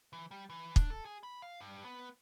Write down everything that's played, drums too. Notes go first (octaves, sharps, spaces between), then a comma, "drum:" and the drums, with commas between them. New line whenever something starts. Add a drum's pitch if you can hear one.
E3
G3
E3
D4, drum: kick
A4
G#4
B5
F5
G2
B3